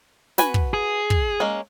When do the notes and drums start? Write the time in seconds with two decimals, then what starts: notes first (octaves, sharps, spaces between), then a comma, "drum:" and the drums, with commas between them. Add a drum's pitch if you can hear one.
0.38 F#4 B4 G#5, drum: snare
0.54 drum: kick
0.74 G#4
1.10 drum: kick
1.40 G#3 A#3 C#4